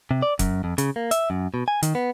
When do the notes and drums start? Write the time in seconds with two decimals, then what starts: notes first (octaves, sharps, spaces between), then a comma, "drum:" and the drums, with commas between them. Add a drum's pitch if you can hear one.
0.11 C3
0.22 D5
0.39 F#2, drum: kick F1, hi-hat
0.64 F2
0.78 C#3, drum: hi-hat
0.96 A#3
1.11 E5, drum: hi-hat
1.30 F#2
1.54 B2
1.68 G#5
1.83 D#3, drum: hi-hat
1.95 B3